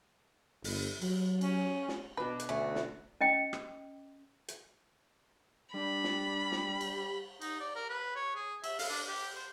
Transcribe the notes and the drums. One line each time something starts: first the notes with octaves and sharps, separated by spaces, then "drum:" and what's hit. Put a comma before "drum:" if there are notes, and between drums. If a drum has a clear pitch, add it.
G1, drum: open hi-hat
F#3, drum: cymbal
C#4, drum: cymbal
drum: snare
B2 D4 B4
drum: hi-hat
D2 A3 C#4
drum: snare
C#4 D#5 G5
drum: rim click
drum: hi-hat
G3 D4 B5
drum: snare
drum: snare
drum: cymbal
D#4, drum: cymbal
D5
A#4
B4
C#5
G#4
E5, drum: cymbal
F5, drum: open hi-hat
D4
G4
C5